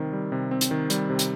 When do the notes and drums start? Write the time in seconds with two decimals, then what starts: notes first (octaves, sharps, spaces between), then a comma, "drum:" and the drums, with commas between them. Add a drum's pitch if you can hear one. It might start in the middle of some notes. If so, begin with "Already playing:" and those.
Already playing: C3 D#3 G3 C4
0.13 G3
0.32 C3
0.51 C4
0.61 drum: hi-hat
0.71 D#3
0.90 G3, drum: hi-hat
1.10 C3
1.19 drum: hi-hat